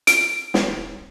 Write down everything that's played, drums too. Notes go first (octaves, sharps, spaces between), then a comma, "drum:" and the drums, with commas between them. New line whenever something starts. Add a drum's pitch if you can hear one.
D7, drum: hi-hat
drum: snare